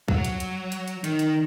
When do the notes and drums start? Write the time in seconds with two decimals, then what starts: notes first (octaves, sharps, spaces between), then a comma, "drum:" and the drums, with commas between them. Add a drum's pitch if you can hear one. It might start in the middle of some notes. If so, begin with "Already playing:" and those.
0.08 F#3, drum: kick
0.24 drum: hi-hat
0.40 drum: hi-hat
0.72 drum: hi-hat
0.88 drum: hi-hat
1.04 D#3, drum: hi-hat
1.19 drum: hi-hat